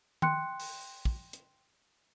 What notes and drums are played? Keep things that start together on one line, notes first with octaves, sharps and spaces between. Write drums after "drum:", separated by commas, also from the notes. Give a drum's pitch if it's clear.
G5 C6 F#6 C#7, drum: tom D#3
drum: open hi-hat
drum: kick
drum: hi-hat